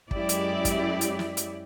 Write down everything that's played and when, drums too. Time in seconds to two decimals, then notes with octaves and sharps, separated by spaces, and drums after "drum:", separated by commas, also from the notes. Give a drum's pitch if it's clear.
0.11 F#2 G#3 E4 G4 D5, drum: kick
0.29 drum: hi-hat
0.65 drum: kick, hi-hat
1.01 drum: hi-hat
1.19 drum: snare
1.37 drum: hi-hat